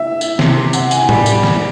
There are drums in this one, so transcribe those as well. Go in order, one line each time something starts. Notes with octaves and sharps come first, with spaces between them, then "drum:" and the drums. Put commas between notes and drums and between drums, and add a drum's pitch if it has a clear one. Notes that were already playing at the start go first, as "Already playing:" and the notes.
Already playing: E5
drum: tambourine
C3, drum: snare
F#5, drum: tambourine
G#5, drum: tambourine
G3, drum: tom A2
drum: tambourine
drum: snare